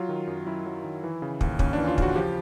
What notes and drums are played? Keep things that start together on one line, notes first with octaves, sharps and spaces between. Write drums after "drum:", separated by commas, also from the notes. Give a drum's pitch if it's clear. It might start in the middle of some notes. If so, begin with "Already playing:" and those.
Already playing: F#3 F4
D#3
F#2
F#2 E4
F#3
D#3
E3
C#3
D#2, drum: kick
D#2 C#4, drum: kick
D4
E3
F4
C#3 F#4, drum: kick
F3 G4